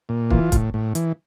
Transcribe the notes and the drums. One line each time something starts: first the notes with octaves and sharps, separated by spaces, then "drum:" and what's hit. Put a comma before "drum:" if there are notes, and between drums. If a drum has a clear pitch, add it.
A#2
E3 F4, drum: kick
A2, drum: kick, hi-hat
A2
E3, drum: hi-hat